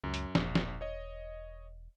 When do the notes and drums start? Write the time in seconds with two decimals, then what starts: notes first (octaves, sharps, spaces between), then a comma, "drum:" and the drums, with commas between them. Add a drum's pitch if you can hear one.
0.04 C#2 F#2
0.14 drum: hi-hat
0.35 E1 A#1, drum: snare
0.55 drum: snare
0.81 C#5 D#5